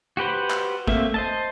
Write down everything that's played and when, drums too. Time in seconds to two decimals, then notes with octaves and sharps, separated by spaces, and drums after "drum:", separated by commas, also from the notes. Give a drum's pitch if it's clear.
0.17 F#4 G4 B4 C5
0.50 drum: clap
0.88 A3 A#3 C4 E5, drum: kick
1.14 C5 D#5 A5